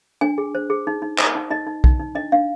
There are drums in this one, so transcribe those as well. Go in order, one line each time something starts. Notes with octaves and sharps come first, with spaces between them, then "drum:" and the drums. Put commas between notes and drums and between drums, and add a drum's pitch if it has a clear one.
D4 G#5
G#4
C5
G#4
D#4
D#4
C5, drum: clap
D#4
D#4 D#5
D#4
D#4, drum: kick
D#4
D4 D#5
D4 F5